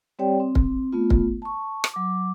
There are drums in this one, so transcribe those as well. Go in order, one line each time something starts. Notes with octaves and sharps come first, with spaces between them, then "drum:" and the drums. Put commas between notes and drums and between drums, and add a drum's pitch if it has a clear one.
G3 C4 G4 C#5 D5 G5
C4
drum: kick
A3 B3 F4
drum: kick
A5 C#6
drum: rim click
F#3 D6